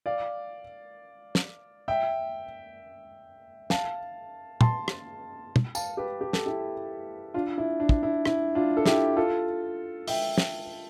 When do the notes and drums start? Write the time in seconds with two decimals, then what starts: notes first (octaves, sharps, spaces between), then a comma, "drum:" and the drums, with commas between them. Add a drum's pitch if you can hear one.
0.06 D5 F5
1.35 drum: snare
1.88 E5 G5
3.70 F5 A5, drum: snare
4.61 A5 C6, drum: tom
4.88 drum: rim click
5.56 drum: tom
5.75 F5 A5, drum: tambourine
5.97 G4 B4
6.21 G4
6.33 A4, drum: snare
6.46 E4 G4
7.34 D4 F4
7.58 E4
7.80 D4
7.89 drum: kick
8.03 E4
8.25 E4, drum: rim click
8.55 D4 F4
8.77 A4
8.86 E4 G4, drum: snare
9.16 F4 A4
10.08 E5 G5, drum: open hi-hat
10.38 drum: snare